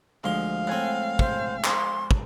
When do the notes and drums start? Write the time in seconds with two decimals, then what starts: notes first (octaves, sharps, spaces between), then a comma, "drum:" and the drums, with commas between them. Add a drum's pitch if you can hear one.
0.24 D2 F3 G#3 F5 C6
0.67 A2 C4 F#5 G#5
1.19 C5, drum: kick
1.64 C5 C6, drum: clap
2.11 drum: kick